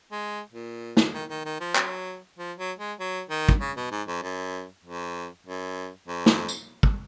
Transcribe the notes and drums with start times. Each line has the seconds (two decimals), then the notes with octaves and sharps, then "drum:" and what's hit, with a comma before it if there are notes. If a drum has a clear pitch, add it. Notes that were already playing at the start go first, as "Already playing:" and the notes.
0.12 G#3
0.53 A#2
0.97 drum: snare
1.14 D#3
1.30 D#3
1.45 D#3
1.60 F3
1.76 F#3, drum: clap
2.38 F3
2.58 F#3
2.79 G#3
3.00 F#3
3.30 D#3
3.49 drum: kick
3.61 C#3
3.76 B2
3.91 G#2
4.08 F2
4.23 F#2
4.84 F2
5.46 F#2
6.08 F2
6.26 drum: snare
6.49 drum: tambourine
6.83 drum: kick